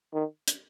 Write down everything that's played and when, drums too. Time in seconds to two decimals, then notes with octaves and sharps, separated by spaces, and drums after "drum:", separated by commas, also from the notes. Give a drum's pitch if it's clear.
0.14 D#3
0.48 drum: hi-hat